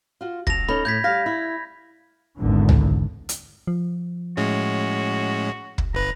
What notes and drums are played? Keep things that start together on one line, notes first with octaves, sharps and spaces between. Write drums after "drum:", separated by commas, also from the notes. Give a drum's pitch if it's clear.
F4 F#4
F#2 A5 A#6 F7, drum: kick
C#4 D#4 A4 B5
A2 G6 G#6 B6
G3 F5 A#6 B6
E4
G#1 E2 D3
drum: tom
drum: hi-hat
F3
A2 G#3 C#4 F#4
drum: kick
G1 B4 A#5